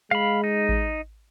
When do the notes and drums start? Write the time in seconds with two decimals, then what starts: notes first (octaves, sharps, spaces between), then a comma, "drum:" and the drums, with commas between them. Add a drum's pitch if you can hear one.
0.11 G#3 F5 B5
0.44 D#4
0.69 drum: kick A1